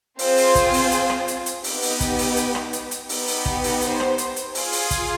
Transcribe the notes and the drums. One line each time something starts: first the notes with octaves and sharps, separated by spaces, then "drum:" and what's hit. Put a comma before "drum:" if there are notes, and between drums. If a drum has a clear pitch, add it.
C4 F4 G#4 C5, drum: open hi-hat
drum: open hi-hat
drum: kick, hi-hat
drum: open hi-hat
drum: hi-hat
drum: rim click
drum: hi-hat
drum: hi-hat
B3 D#4 G4, drum: open hi-hat
drum: open hi-hat
drum: kick, hi-hat
drum: open hi-hat
drum: hi-hat
drum: rim click
drum: hi-hat
drum: hi-hat
B3 D#4 G4, drum: open hi-hat
drum: open hi-hat
drum: kick
drum: open hi-hat
C5, drum: hi-hat
drum: rim click
drum: hi-hat
drum: hi-hat
F4 G#4, drum: open hi-hat
drum: open hi-hat
drum: kick, hi-hat